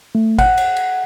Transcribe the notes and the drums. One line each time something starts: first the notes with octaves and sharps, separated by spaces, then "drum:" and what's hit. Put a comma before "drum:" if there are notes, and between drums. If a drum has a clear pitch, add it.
A3
F#5, drum: kick G#1, cymbal
drum: cymbal
drum: cymbal